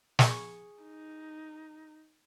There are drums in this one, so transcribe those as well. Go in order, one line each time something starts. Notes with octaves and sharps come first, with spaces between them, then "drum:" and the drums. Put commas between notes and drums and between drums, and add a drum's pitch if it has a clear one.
G#4 C#6, drum: snare
D#4